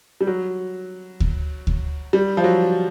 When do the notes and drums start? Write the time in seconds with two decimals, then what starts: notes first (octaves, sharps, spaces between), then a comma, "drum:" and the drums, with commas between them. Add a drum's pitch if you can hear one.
0.21 G3
0.27 F#3
1.20 drum: kick D2
1.67 drum: kick D2
2.13 G3
2.37 F3
2.44 F#3